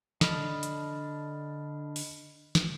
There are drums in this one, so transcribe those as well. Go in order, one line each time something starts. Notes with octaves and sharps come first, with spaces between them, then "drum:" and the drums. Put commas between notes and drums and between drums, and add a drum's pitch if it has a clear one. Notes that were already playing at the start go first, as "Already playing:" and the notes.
D3 D4 D#5 B5 F6, drum: snare
drum: hi-hat
drum: open hi-hat
drum: snare